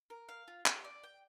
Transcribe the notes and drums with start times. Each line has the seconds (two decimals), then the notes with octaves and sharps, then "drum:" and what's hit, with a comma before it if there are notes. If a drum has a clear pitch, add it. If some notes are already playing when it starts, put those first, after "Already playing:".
0.10 A#4
0.29 F5
0.48 F4
0.66 G4, drum: clap
0.84 D5
1.04 G5